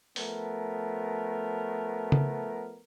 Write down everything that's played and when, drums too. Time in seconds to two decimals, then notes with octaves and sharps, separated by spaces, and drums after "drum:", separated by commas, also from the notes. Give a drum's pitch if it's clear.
0.16 F3 A3 B3 A#4, drum: open hi-hat
2.12 drum: tom C#3